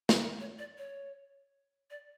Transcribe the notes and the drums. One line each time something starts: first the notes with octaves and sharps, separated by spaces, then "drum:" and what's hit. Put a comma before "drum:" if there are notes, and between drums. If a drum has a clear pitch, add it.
B4, drum: snare
A#4
C#5
D5
C#5
D5